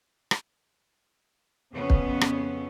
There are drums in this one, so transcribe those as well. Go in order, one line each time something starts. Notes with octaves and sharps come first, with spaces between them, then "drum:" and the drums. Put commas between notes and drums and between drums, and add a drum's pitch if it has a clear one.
drum: rim click
F2 C#3 B3 C#4
drum: kick
drum: rim click